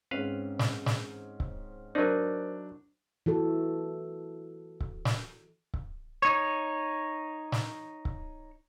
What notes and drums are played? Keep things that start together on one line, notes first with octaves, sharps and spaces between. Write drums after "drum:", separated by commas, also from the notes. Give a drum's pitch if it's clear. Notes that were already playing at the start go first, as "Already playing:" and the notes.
G#2 C4 C#4 B4 F5
drum: snare
drum: snare
drum: kick C#1
F#3 D4 D#4 A#4 C5
E3 F#4 A4
drum: kick C#1
drum: snare
drum: kick C#1
D#4 C#5
drum: snare
drum: kick C#1